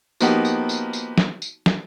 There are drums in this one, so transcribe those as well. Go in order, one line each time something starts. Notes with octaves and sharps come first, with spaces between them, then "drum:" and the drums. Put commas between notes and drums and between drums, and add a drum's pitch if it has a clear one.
F3 A#3 B3 D#4 F#4 G4, drum: tambourine
drum: tambourine
drum: tambourine
drum: tambourine
drum: snare
drum: tambourine
drum: snare